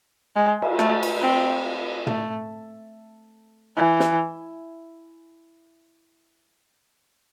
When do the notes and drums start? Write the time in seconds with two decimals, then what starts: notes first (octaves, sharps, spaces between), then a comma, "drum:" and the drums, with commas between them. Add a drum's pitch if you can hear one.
0.36 G#3
0.62 drum: cymbal
0.79 A3, drum: rim click
1.03 drum: cymbal
1.21 C4
2.07 A3, drum: tom
3.76 E3
4.00 drum: snare